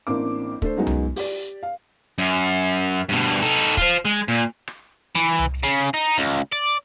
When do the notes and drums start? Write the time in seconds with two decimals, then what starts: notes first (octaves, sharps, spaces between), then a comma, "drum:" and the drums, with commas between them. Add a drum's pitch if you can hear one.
0.07 A1 A#3 C4 D4 E4 D6
0.62 A3 D4 A4 C5, drum: kick
0.77 F#2 G#3 B3 D#4 F#4
0.87 drum: tom C2
1.16 G4 D5, drum: open hi-hat
1.63 F5
2.18 F#2
3.09 G2 B2
3.42 D#4 A4
3.77 F4 C5, drum: kick
4.05 G#3
4.28 A#2
4.68 drum: rim click
5.15 E3
5.39 drum: tom C2
5.63 C#3
5.94 D#4
6.18 C#2
6.52 D5